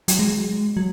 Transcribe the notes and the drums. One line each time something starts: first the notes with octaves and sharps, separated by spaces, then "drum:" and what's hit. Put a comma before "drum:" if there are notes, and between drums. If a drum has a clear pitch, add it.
F#3, drum: hi-hat
G#3
F#3